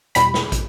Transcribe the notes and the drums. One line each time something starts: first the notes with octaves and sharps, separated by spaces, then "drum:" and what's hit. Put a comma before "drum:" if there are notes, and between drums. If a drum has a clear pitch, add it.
E2 B2 G3 B5, drum: hi-hat
drum: snare
drum: kick, hi-hat